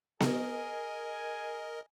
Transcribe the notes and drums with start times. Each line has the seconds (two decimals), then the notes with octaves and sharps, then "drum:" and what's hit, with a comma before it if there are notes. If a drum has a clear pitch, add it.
0.20 G#4 A#4 D#5 G#5, drum: snare B3